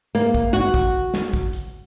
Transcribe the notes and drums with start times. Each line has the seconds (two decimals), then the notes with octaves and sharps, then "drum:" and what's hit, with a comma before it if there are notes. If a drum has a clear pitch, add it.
0.15 A#3
0.34 drum: kick
0.53 F#4
0.74 drum: kick
1.14 drum: snare
1.33 drum: kick
1.53 drum: hi-hat